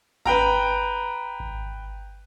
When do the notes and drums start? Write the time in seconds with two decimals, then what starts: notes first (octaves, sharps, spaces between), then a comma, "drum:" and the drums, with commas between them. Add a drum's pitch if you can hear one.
0.26 B4 G5 A#5, drum: kick G#1
1.40 drum: kick G#1